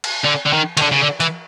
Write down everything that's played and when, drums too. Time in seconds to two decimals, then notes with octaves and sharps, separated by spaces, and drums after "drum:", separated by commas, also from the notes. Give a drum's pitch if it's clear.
0.04 drum: cymbal
0.24 D3
0.46 D3
0.53 D#3
0.77 D#3, drum: cymbal
0.82 D3
0.92 C#3
1.01 D3
1.20 E3, drum: hi-hat